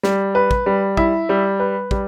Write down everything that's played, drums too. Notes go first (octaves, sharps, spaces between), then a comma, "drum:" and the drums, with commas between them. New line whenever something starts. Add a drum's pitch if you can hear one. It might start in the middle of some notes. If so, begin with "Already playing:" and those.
G3, drum: snare
B4
drum: kick
G3
E4, drum: kick
G3
B4
G3, drum: kick